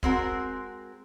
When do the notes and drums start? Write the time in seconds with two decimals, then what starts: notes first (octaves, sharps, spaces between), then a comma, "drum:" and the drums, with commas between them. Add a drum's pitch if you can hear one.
0.03 G#3 C4 F#4 A#4, drum: kick